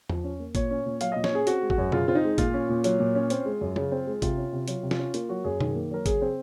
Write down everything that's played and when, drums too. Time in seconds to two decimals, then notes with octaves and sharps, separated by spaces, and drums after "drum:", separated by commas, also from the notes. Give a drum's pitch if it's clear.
0.10 F3, drum: tom E2
0.24 C#4
0.40 A#3
0.55 A#2 C#5, drum: kick G#1, hi-hat
0.70 C#4
0.86 A#2
1.01 F#3 F5, drum: hi-hat
1.12 A#2 D#5
1.24 C#5, drum: snare
1.32 C#4 G#4
1.47 C4 F#4, drum: hi-hat
1.62 G#3
1.70 F#4, drum: kick G#1
1.78 F#2
1.92 C#3 F4, drum: tom B2
2.08 C4 F4
2.15 D#4
2.24 G#3
2.38 A#2 F4, drum: kick G#1, hi-hat
2.54 C#4
2.69 A#2
2.84 F#3, drum: hi-hat
3.00 A#2
3.15 C#4
3.30 C4, drum: hi-hat
3.45 G#3
3.61 F#2
3.76 C#3, drum: tom F#3
3.92 C4
4.07 G#3
4.22 C3 F4, drum: kick G#1, hi-hat
4.37 C#4
4.53 C3
4.68 F#3 F4, drum: hi-hat
4.83 C3
4.91 F4, drum: snare
4.98 C#4
5.14 A#3 F4, drum: hi-hat
5.29 F#3 F#4
5.44 F#2 G#4
5.60 D#3 G#4, drum: tom B2
5.75 A#3
5.91 F#3 A#4
6.06 C#3 G#4, drum: kick G#1, hi-hat
6.22 C4